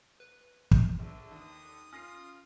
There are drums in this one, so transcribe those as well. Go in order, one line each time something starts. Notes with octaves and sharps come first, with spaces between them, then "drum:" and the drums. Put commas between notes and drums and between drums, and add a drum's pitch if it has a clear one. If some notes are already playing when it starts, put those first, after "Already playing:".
B4
drum: kick
A#1 D3
D#2 D#6
C#4 F4 D#6 F6 A#6 C7